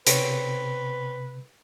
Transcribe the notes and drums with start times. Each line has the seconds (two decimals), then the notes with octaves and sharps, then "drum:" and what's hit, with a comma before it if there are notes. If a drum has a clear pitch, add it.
0.07 C3 B3 C4 B4 C#5, drum: hi-hat